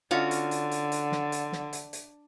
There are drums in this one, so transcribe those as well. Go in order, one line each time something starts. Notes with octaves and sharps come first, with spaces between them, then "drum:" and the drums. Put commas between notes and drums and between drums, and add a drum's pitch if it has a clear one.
D3 C#4 F4 F#4
drum: hi-hat
drum: hi-hat
drum: hi-hat
drum: hi-hat
drum: snare
drum: hi-hat
drum: snare
drum: hi-hat
drum: hi-hat